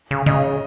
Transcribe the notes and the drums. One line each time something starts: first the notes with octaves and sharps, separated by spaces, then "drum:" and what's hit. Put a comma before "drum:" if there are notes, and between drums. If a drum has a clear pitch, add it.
C#3
C#3 D#5, drum: tom C#3